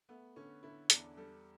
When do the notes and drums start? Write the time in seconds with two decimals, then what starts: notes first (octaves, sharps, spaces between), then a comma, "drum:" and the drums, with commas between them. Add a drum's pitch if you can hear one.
0.09 A3 B3
0.36 D3 C#4
0.63 D3 E4
0.90 E2 D4, drum: hi-hat
1.17 G3 A4